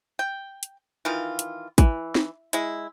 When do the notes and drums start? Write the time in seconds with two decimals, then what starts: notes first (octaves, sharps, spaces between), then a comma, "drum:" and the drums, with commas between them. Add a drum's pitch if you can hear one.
0.19 G5
0.63 drum: hi-hat
1.05 D#3 E3 F4
1.39 drum: hi-hat
1.78 E3, drum: kick, hi-hat
2.15 drum: snare
2.53 G#3 E4, drum: hi-hat